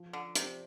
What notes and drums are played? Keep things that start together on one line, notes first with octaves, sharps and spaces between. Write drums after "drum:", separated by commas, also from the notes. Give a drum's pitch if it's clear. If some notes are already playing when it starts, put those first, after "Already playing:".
Already playing: F3
D3
C3 C4 G4 D5, drum: hi-hat